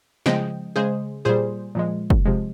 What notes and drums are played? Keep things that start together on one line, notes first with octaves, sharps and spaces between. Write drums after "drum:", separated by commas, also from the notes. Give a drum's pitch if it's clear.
C#3 F3 G#3 D#5 G5, drum: snare
C#3 G#3 G#4 C5
A#2 G3 G#4 C5
A#2 F3 G#3
drum: kick
C3 F3 G#3